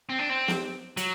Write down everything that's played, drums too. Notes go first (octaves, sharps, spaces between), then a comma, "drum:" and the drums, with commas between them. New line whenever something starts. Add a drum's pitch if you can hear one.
C4
D4
C4
drum: snare
F#3, drum: hi-hat